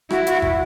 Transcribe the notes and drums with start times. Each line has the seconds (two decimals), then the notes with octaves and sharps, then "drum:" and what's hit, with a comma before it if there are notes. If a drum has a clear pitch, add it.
0.10 E4 F#4, drum: rim click
0.27 F#4, drum: hi-hat
0.42 drum: kick